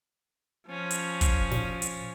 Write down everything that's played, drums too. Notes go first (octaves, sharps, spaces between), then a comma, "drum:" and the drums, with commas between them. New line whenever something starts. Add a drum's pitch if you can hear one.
F3 C#4
drum: hi-hat
drum: kick, hi-hat
A#2, drum: snare
drum: hi-hat